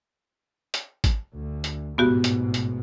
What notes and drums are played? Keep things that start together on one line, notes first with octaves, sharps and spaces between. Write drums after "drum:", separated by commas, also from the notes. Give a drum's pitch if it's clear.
drum: hi-hat
drum: kick G#1, hi-hat
D2
drum: hi-hat
A1 G#2 B2 B3 F#4 G4
drum: hi-hat
drum: hi-hat